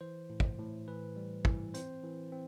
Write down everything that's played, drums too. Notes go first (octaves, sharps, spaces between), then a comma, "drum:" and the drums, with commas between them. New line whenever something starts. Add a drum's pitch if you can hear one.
E3 C5
A2
drum: kick
A2
E3 B4
G3
E3, drum: kick
C4 C5, drum: hi-hat
E3
C4